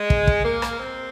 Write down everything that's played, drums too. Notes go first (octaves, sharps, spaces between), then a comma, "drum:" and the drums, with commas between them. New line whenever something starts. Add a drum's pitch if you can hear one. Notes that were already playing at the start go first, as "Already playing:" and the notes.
Already playing: G#3
drum: kick
drum: kick
A#3
drum: rim click
C4